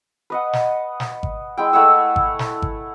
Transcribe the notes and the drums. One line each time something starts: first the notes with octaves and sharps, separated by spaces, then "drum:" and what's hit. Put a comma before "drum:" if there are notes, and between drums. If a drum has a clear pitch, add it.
B4 D#5 F#5
drum: snare
drum: snare
drum: kick G#1
G#3 E4 G5
A3 E4 F#5 E6
drum: kick G#1
drum: snare
drum: kick G#1